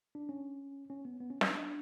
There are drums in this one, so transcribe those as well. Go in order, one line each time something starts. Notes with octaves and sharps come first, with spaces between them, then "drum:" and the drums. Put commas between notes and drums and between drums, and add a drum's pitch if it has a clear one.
D4
C#4
C#4
B3
B3
C#4
C#4, drum: snare
D4